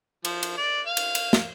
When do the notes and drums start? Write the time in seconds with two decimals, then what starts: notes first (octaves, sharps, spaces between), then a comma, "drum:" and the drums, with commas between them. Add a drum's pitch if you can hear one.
0.25 F3, drum: cymbal
0.43 drum: cymbal
0.57 D5
0.86 F5
0.97 drum: cymbal
1.15 drum: cymbal
1.33 drum: snare